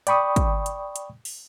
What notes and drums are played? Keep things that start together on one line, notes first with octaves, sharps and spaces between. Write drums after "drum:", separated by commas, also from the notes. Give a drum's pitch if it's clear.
D5 G5 B5 C#6 D#6, drum: hi-hat
drum: kick, hi-hat
drum: hi-hat
drum: hi-hat
drum: open hi-hat